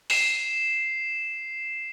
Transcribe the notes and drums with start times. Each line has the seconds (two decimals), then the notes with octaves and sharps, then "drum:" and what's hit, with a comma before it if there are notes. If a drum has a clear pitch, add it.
0.10 C7 E7, drum: open hi-hat